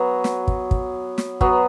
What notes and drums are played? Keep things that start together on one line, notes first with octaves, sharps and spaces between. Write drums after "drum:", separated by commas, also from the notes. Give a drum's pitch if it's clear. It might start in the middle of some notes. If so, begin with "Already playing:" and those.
Already playing: F#3 B3
drum: snare
drum: kick
drum: kick
drum: snare
F#3 B3, drum: kick